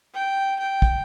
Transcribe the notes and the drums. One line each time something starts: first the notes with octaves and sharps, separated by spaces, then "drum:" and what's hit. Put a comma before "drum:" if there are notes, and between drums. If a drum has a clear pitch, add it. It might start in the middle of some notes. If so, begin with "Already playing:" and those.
G5
G5
drum: kick